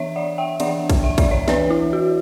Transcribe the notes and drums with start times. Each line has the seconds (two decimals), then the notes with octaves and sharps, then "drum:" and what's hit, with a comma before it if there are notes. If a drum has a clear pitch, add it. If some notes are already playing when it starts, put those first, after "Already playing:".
Already playing: E3 B3 D4 C#5 E5
0.16 D5 F#5
0.38 E5 G5
0.60 E3 B3 D4 D5 F#5, drum: cymbal
0.90 drum: kick, cymbal
1.04 E5
1.18 D5, drum: kick, cymbal
1.31 C#5 E5
1.48 E3 B3 D4 B4 D5, drum: snare
1.70 E4
1.93 F#4